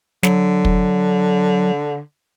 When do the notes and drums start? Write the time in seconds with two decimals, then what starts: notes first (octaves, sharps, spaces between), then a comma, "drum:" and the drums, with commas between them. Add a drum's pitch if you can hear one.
0.23 D3 F#3, drum: snare
0.65 drum: kick